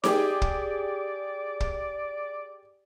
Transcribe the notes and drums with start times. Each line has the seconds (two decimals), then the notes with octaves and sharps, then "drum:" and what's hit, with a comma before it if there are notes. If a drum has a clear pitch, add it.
0.04 G4 G#4 D5 D6, drum: snare D#4
0.42 drum: kick
1.60 drum: kick